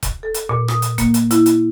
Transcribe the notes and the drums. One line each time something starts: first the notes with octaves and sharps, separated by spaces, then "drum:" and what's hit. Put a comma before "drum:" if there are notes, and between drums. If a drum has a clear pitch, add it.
drum: kick E1, hi-hat
A4
drum: hi-hat
A#2
D#6, drum: rim click
drum: hi-hat
A#3, drum: kick E1, hi-hat
drum: hi-hat
E4, drum: hi-hat
drum: hi-hat